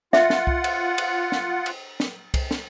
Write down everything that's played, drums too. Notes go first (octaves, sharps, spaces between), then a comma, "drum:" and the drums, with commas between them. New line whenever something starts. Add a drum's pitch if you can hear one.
F4 E5 F#5, drum: snare
drum: snare
drum: kick C2
drum: cymbal
drum: cymbal
drum: snare
drum: cymbal
drum: snare
drum: kick C2, cymbal
drum: snare